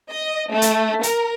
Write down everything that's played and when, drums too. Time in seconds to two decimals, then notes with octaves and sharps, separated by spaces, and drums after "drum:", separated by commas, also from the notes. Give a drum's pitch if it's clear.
0.10 D#5
0.52 A3
0.62 drum: hi-hat
1.03 A#4, drum: hi-hat